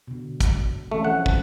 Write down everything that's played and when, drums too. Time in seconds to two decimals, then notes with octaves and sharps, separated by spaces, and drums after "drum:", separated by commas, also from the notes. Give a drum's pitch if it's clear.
0.08 B2 D3
0.40 drum: kick, hi-hat
0.91 E3 A3 C4 C#4
1.05 F3 F#5
1.26 drum: kick